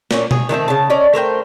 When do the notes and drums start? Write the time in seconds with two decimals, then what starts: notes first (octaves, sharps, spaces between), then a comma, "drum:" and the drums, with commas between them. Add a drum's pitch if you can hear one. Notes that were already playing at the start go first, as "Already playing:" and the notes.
0.11 A#2 A#3 C#4, drum: snare
0.31 G#4 C#5, drum: tom B2
0.49 D#3 F#3 A3 C4
0.68 C#3 A5
0.90 C#4 D5 D#5
1.14 A3 A#4 C5 G5